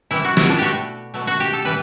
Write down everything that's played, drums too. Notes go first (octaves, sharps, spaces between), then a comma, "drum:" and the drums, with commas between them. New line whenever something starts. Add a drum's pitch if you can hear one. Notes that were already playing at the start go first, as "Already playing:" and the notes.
C3 E3 G3 E4
F#4
E4, drum: snare
D4
B2 A3 F#4 G4
B2 F#3 A3
F#4
G4
A4
A2 E3 G3 B4